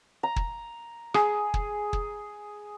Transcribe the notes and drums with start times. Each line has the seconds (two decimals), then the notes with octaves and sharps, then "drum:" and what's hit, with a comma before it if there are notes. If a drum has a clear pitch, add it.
0.23 A#5
0.36 drum: kick
1.14 G#4, drum: rim click
1.54 drum: kick
1.93 drum: kick